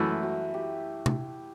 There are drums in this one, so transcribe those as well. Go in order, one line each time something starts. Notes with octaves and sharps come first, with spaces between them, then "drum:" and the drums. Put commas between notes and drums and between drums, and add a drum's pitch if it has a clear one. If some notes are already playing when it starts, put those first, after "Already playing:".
Already playing: F#2 E3 A3 E4
F#4
G4
drum: tom